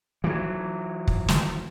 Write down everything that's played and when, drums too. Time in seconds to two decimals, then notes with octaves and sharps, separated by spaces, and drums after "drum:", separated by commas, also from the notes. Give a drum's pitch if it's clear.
0.24 E3 F#3
1.08 drum: kick
1.28 drum: snare